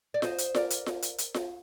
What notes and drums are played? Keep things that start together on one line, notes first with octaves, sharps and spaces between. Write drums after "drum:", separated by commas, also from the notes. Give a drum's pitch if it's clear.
D5
C5 D#5, drum: snare F4
drum: hi-hat
A#4 D5, drum: snare F4
drum: hi-hat
drum: snare F4
drum: hi-hat
drum: hi-hat
drum: snare F4